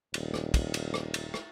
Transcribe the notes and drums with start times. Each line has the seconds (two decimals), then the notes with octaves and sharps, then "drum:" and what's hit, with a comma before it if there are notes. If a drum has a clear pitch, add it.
0.14 D#1, drum: cymbal
0.34 drum: rim click
0.54 drum: kick, cymbal
0.74 drum: cymbal
0.94 drum: rim click
1.14 drum: cymbal
1.34 drum: rim click